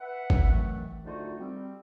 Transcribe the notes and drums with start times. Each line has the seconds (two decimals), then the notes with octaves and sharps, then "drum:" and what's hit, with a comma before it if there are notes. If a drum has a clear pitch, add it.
0.01 B4 E5 F#5
0.30 drum: kick G1
0.50 D#3 E3 F#3 A3
1.05 G#2 D3 A3 D#4 F4 F#4
1.39 G3 C4